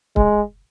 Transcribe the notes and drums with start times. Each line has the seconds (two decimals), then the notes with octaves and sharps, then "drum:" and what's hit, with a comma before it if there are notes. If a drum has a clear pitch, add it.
0.16 G#3, drum: kick C#1